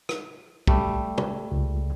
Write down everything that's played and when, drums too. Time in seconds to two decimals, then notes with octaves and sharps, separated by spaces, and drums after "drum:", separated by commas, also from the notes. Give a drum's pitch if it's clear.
0.09 drum: rim click
0.67 G3 A3, drum: kick
1.18 drum: tom
1.52 C#2